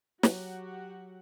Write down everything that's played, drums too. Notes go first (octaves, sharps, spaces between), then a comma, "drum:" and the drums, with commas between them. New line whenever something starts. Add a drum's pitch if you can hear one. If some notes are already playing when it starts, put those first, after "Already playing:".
F#3 F#4 G4 C#5 F#5, drum: snare